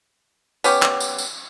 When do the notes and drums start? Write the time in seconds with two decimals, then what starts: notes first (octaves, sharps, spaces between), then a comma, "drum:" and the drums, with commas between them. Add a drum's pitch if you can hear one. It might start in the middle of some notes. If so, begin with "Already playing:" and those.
0.64 B3 C#4 G4, drum: tambourine
0.82 drum: clap
1.00 drum: tambourine
1.18 drum: tambourine